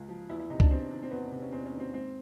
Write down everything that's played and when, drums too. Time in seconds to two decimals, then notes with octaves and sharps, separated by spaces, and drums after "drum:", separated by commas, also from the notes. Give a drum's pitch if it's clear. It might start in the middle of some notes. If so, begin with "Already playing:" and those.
Already playing: C#2 C#3
0.08 F3
0.29 E2 E4
0.40 E4
0.50 C3 D#4
0.60 D4, drum: kick C#2
0.70 E2 C4
0.91 D#3
1.03 C4
1.11 E2 B3
1.32 C3
1.42 C#4
1.52 E2 C4
1.66 C#4
1.73 D#3
1.80 C4
1.93 G#2 C4